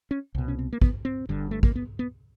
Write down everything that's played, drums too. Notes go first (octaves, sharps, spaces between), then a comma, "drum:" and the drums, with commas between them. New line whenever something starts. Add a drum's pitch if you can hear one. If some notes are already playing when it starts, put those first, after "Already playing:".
C#4
C2 B2
C#4
C4
A#3
B3, drum: kick
C4
G1 G2 D3
A3
A#3, drum: kick
B3
B3